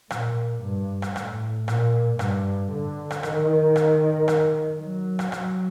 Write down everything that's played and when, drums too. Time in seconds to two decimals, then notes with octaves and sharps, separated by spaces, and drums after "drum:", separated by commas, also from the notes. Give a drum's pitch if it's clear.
0.10 A#2, drum: rim click
0.63 G2
1.02 drum: rim click
1.16 A2, drum: rim click
1.68 A#2, drum: rim click
2.19 G2, drum: rim click
2.71 D3
3.11 drum: rim click
3.23 D#3, drum: rim click
3.76 drum: rim click
4.28 drum: rim click
4.79 F#3
5.19 drum: rim click
5.32 F#3, drum: rim click